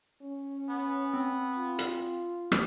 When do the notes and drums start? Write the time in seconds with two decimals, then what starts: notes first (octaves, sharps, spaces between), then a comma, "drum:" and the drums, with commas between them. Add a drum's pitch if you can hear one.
0.22 C#4
0.69 B3
1.14 C4
1.58 F4
1.79 drum: hi-hat
2.52 drum: rim click